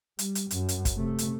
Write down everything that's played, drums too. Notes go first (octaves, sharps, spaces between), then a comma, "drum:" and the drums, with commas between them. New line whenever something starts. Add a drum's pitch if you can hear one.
G3, drum: hi-hat
drum: hi-hat
F#2, drum: hi-hat
drum: hi-hat
drum: kick, hi-hat
C3 A3
drum: hi-hat